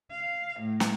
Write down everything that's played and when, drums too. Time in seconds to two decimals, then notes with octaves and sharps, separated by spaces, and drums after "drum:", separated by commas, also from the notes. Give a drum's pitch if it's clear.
0.11 F5
0.59 A2
0.80 drum: snare